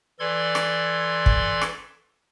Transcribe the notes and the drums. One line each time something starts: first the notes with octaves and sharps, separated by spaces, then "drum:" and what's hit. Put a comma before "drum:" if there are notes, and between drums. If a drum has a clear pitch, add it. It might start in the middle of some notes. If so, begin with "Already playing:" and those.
E3 A4 D5 C6 G#6
drum: rim click
drum: kick
drum: rim click